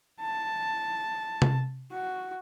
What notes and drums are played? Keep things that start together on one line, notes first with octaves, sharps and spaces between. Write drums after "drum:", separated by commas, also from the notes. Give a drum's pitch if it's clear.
A5
drum: tom C3
F#4